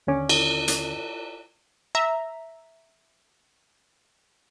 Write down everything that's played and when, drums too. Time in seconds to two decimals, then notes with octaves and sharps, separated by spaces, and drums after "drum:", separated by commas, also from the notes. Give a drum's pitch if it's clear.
0.07 D#2 D3 C#4 D6
0.29 drum: cymbal
0.68 drum: hi-hat
1.95 E5 A#5